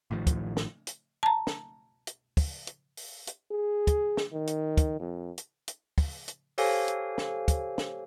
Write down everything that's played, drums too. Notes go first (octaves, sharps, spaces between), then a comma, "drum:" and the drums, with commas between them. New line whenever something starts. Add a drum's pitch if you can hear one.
A1 A2 D#3 F3
drum: kick, hi-hat
drum: snare
drum: hi-hat
A5 A#5
drum: snare
drum: hi-hat
drum: kick, open hi-hat
drum: hi-hat
drum: open hi-hat
drum: hi-hat
G#4
drum: kick, hi-hat
drum: snare
D#3
drum: hi-hat
drum: kick, hi-hat
F2
drum: hi-hat
drum: hi-hat
drum: kick, open hi-hat
drum: hi-hat
G4 A4 C5 C#5 F5 G#5, drum: open hi-hat
drum: hi-hat
drum: snare
drum: kick, hi-hat
drum: snare